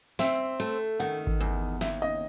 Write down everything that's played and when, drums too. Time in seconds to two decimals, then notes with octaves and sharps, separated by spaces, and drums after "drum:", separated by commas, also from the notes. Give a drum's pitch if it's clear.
0.19 C4 E5, drum: snare
0.60 A3
0.99 D#3 F#5
1.27 drum: kick G#1
1.40 E2
1.81 D#2 E5, drum: snare
2.02 D#5